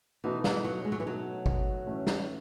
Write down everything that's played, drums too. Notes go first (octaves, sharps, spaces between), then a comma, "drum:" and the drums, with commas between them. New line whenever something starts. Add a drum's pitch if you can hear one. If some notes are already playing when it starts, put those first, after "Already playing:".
B2 E3 A3 D#4 F#4
E3, drum: snare
F#3
G#3
F#3
E3
B2 F#3 A3 D#4 F#4
drum: kick
A2 E3 A3 C#4
drum: snare